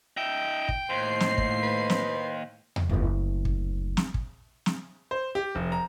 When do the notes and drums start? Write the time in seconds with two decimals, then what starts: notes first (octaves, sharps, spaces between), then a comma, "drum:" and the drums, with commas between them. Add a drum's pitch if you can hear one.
0.17 D#4 E5 G5
0.69 drum: kick
0.90 D#2 A2 C5 C7
1.20 drum: snare
1.38 drum: kick
1.62 B4
1.90 drum: snare
2.76 drum: tom E2
2.89 F#1 D2
3.45 drum: kick
3.97 drum: snare
4.14 drum: kick
4.66 drum: snare
5.11 C5
5.35 G4
5.55 F1
5.72 A#5